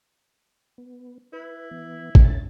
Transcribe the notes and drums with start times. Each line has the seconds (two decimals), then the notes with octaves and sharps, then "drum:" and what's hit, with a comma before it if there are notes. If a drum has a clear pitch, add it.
0.78 B3
1.33 E4 B4
1.71 E3 B3
2.15 drum: kick
2.24 C#4 A6